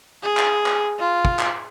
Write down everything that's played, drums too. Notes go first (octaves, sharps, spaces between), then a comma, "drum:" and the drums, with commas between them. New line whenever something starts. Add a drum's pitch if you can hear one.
G#4
drum: clap
drum: clap
F4
drum: kick
drum: clap